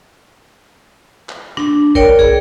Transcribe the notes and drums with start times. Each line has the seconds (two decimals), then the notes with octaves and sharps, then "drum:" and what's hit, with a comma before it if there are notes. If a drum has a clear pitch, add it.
1.29 drum: clap
1.57 D4, drum: rim click
1.95 A#4 C#5 D5 G5, drum: kick
2.19 G#4, drum: kick